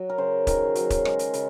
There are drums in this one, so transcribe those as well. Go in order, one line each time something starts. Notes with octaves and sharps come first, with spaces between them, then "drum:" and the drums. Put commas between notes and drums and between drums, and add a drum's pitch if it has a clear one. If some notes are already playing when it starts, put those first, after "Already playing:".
Already playing: F#3
A#4
C#3 C5
D#3 A#4, drum: kick, hi-hat
F#3, drum: hi-hat
drum: kick, hi-hat
G#3, drum: rim click
drum: hi-hat
C#3, drum: hi-hat